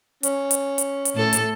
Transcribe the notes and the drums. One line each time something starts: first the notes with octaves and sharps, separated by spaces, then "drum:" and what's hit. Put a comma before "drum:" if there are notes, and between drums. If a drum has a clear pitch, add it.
C#4, drum: hi-hat
drum: hi-hat
drum: hi-hat
drum: hi-hat
A2 A4
drum: hi-hat